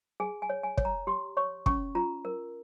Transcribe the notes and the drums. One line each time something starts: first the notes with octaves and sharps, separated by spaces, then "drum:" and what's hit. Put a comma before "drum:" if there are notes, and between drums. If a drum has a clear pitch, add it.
G#4 G#5
G#5
C#5
G#5
C#5, drum: kick
A#5
G4 C6
C#5 C#6
C#4 C#6, drum: kick
F4 A#5
A#4